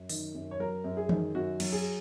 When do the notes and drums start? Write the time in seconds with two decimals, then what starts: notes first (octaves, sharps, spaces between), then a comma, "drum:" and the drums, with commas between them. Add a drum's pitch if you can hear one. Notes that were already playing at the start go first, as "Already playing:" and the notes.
Already playing: F#2
0.09 D#3, drum: open hi-hat
0.35 F#2
0.51 C#5
0.60 F#3 A#4
0.84 F#2
0.97 G#4
1.09 D#3, drum: tom E3
1.35 F#2 F#4
1.60 F#3, drum: cymbal
1.72 G#4